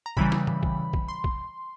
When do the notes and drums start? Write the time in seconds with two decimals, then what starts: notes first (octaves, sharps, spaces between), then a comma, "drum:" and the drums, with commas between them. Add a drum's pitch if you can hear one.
0.06 A#5
0.17 C#3 E3 G3 B5, drum: kick
0.32 drum: snare
0.47 drum: tom
0.63 drum: kick
0.93 drum: kick
1.08 C6
1.24 drum: kick